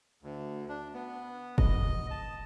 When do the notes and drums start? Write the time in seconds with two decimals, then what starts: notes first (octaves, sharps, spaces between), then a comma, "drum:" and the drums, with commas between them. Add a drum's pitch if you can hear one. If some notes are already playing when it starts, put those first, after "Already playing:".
0.23 D2
0.68 D4
0.94 B3
1.58 D#5, drum: kick F1
2.11 A5